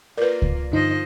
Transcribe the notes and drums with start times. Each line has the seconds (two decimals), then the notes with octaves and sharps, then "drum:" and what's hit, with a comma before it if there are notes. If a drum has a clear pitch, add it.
0.18 A#3 F4 A#4 B4 D5
0.42 drum: kick C#2
0.72 G2 D3 F3 D#4 C5 D#5